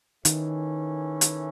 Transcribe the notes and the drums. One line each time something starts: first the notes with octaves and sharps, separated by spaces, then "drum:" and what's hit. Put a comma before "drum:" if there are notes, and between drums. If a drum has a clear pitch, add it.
D#3 E3 A3 C#4, drum: hi-hat
drum: hi-hat